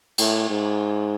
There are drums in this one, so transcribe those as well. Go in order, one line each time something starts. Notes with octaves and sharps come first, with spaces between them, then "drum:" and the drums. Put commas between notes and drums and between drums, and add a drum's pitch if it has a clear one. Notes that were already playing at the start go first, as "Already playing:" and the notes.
A2, drum: cymbal
G#2